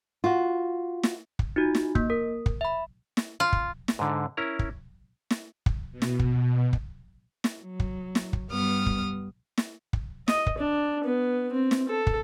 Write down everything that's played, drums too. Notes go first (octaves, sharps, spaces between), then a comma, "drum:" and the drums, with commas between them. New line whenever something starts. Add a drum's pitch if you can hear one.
F4 F#4
drum: snare
drum: kick
D#4 F4 F#4
drum: snare
A#3, drum: kick
A#4
drum: kick
E5 B5
drum: snare
F4
drum: kick
drum: snare
G#2 D3
C#4 E4 A#4 A#5
drum: kick
drum: snare
drum: kick
B2
drum: snare
drum: kick
drum: kick
drum: snare
F#3
drum: kick
drum: snare
drum: kick
G2 G3 B3 D#6 F6
drum: kick
drum: snare
drum: kick
D#5, drum: snare
drum: kick
D4
B3
C4
drum: snare
A4
drum: kick